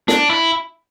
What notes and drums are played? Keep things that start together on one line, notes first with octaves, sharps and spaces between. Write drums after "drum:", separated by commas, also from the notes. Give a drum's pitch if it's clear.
D4, drum: snare
E4